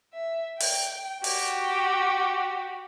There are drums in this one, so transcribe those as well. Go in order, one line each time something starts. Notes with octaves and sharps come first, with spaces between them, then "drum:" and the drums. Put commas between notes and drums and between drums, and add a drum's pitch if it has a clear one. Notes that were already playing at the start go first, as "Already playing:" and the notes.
E5
G5, drum: open hi-hat
F#4 G4, drum: open hi-hat